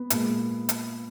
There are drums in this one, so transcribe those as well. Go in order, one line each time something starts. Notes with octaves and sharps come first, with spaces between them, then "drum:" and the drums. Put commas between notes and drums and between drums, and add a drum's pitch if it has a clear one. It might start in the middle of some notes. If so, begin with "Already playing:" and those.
Already playing: B3
A#2 G#3, drum: hi-hat
drum: hi-hat